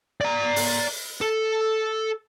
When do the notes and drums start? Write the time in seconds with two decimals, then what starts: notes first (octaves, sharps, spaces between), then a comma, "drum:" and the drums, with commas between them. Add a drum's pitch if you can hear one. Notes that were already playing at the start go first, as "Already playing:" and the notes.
0.21 D5 A#5
0.56 drum: open hi-hat
1.21 A4